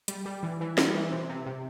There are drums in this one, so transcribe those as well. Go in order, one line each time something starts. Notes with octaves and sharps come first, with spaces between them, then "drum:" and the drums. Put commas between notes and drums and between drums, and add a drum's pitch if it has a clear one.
G3, drum: hi-hat
G3
E3
E3
G3, drum: snare
E3
C3
C3
C3